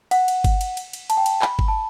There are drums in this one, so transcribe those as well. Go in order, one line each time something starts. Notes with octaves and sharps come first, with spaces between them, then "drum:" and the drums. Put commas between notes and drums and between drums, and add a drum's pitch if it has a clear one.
F#5, drum: cymbal
drum: cymbal
drum: kick G1, cymbal
drum: cymbal
drum: cymbal
drum: cymbal
A5, drum: cymbal
G5
A5, drum: cymbal
B5, drum: clap
drum: kick G1
A5